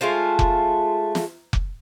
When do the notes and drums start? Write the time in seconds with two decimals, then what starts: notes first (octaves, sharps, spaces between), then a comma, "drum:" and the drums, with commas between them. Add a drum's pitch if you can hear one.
0.01 G#3 A3 F4 C5
0.39 drum: kick F1
1.15 drum: snare
1.53 drum: kick F1